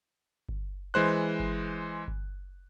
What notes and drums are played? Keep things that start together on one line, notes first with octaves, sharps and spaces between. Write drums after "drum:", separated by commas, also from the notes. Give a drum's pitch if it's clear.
drum: kick G1
E3 G#3 C5 F#6
drum: kick G1
drum: kick G1